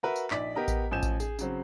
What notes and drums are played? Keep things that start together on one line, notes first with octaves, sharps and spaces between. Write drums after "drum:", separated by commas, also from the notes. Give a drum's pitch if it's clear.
F#4 A#4 B4 E5
drum: tambourine
A#1 D#4 D5 B6, drum: clap
B3 G4 A#4 D#5
drum: kick A1, tambourine
A1 F3 G#5 G6 E7
drum: kick A1, tambourine
G#4, drum: tambourine
C#3 F#3 C4, drum: tambourine